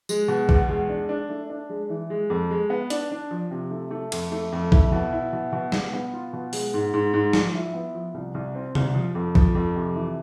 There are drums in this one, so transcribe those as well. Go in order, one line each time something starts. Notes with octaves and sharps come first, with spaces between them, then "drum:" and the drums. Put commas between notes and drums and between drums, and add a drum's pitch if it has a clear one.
G#3, drum: tambourine
B2
E2, drum: kick A#1
G#3
D4
D4
A3
D4
G#3
E3
G#3
F2
G#3
B3
D4, drum: hi-hat
D4
F3
C3
A3
A3
F2, drum: cymbal
A3
F2
E4, drum: kick A#1
B2
E4
B2
B2
B2, drum: snare
B3
F4
B2
G#3, drum: open hi-hat
G#2
G#2
G#2
F3, drum: snare
E4
B3
F3
C2
C2
C4
C2, drum: tom C3
F3
F2
F3, drum: kick A#1
F2
C3
E3